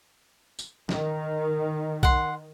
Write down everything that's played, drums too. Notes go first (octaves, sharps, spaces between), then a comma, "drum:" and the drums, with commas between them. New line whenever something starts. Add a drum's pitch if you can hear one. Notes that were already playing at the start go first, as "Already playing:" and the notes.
drum: tambourine
D#3, drum: snare
F#5 C6, drum: kick B1